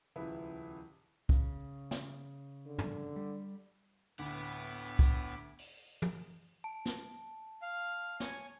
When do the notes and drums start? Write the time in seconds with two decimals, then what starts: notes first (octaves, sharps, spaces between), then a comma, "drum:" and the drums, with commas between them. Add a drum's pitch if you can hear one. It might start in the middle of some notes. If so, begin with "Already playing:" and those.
0.16 D#1 C#2 F3 E4 B4
1.29 C#3, drum: kick
1.91 drum: snare
2.66 D3
2.78 drum: tom
3.16 G3
4.19 D2 A2 B3 F#5 B5 D6
4.99 drum: kick
5.58 drum: open hi-hat
6.02 drum: tom
6.64 A5
6.85 drum: snare
7.62 F5
8.20 C#5 G#5, drum: snare